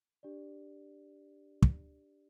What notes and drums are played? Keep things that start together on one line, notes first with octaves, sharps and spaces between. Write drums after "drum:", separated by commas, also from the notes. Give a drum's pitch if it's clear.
D4 G4 D5
drum: kick